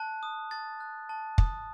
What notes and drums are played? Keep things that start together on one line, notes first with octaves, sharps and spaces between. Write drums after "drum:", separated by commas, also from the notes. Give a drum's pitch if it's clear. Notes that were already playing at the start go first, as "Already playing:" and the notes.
Already playing: A5 F#6
D#6
A5 A6
F#6
A5
D#6, drum: kick